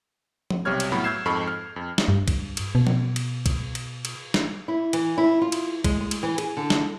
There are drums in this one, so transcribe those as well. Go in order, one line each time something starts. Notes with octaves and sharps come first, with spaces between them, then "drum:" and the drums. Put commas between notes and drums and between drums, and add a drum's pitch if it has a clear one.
drum: tom F3
B1 C3 G3 C#5 F6 G#6
drum: cymbal
A2 F#3 B3 F#4 B5
E6 G6 G#6 C7 E7
F2 G#2 A4 B5 C#6
F6
F2
drum: snare
G2
drum: kick, cymbal
drum: cymbal
B2
drum: tom F3
drum: cymbal
drum: kick, cymbal
drum: cymbal
drum: cymbal
drum: snare
E4
E3, drum: cymbal
E4
F4
drum: cymbal
G#3, drum: kick, cymbal
G#3
drum: cymbal
E3
G#4, drum: cymbal
D3
drum: snare